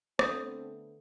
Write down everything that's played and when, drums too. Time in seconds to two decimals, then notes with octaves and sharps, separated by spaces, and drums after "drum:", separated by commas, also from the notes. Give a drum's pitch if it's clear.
0.19 D3 A3 B3 C4 A4 D#6 G6, drum: rim click